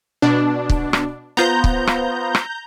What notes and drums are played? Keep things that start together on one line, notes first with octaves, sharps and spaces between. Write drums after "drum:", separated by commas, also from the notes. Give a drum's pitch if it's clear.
B2 D4
drum: kick
drum: rim click
B3 F4 C5 A#5 G6
drum: kick
drum: rim click
drum: rim click